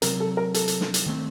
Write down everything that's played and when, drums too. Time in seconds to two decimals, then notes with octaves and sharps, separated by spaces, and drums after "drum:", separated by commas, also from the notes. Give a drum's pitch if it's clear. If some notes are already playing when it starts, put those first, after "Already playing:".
0.02 C3 F#3 C4 A#4, drum: hi-hat
0.20 A4
0.37 A#4
0.54 A4, drum: hi-hat
0.68 drum: hi-hat
0.81 drum: snare
0.94 drum: hi-hat
1.06 D#3 A3 C4